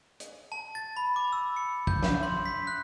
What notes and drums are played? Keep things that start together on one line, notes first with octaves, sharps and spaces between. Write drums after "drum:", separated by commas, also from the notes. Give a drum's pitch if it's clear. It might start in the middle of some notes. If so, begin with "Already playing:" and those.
drum: hi-hat
A5
A6
B5
D6
E6
C#7
G6, drum: kick
drum: snare
C6
B6
F#6